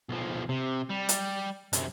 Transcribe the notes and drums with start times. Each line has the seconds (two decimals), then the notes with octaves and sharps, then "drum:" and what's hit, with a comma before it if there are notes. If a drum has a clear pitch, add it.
0.09 B1 F3
0.49 C3
0.90 G3
1.09 drum: hi-hat
1.73 F#2 C3, drum: hi-hat